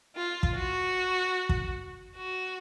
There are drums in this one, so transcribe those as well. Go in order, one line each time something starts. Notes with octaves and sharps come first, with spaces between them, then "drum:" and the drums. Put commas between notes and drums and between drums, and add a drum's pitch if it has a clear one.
F4
drum: kick
F#4
drum: kick
F#4